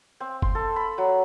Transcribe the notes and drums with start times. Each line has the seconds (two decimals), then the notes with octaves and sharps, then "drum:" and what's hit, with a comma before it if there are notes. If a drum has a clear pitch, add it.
0.20 C4
0.42 C6, drum: kick F#1
0.55 A4
0.76 B5
0.98 F#3